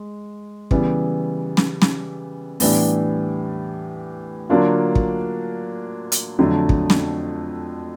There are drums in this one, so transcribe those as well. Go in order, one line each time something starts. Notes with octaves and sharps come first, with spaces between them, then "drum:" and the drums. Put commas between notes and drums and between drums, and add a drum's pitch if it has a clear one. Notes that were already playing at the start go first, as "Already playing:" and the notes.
Already playing: G#3
C#3 E3 G3 B3, drum: kick
drum: snare
drum: snare
A2 E3 G3 B3 D4, drum: open hi-hat
D3 F#3 A#3 D4 F4
drum: kick
drum: hi-hat
F2 D3 F#3 A3
drum: kick
drum: snare